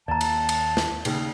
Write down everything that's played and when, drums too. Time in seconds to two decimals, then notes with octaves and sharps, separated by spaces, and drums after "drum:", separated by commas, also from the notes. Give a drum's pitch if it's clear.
0.08 D#2 A#3 D5 A5 A#5
0.21 drum: cymbal
0.49 drum: cymbal
0.77 drum: snare
1.05 D#2 C#3, drum: cymbal